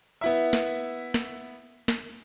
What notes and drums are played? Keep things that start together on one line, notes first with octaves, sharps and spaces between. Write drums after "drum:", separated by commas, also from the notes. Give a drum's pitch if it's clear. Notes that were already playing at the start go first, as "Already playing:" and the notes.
B3 E4 E5
drum: snare
drum: snare
drum: snare